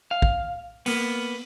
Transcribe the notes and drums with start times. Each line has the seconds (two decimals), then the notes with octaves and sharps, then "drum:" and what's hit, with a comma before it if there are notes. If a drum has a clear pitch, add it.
0.11 F5
0.22 drum: kick
0.86 A#3 B3, drum: open hi-hat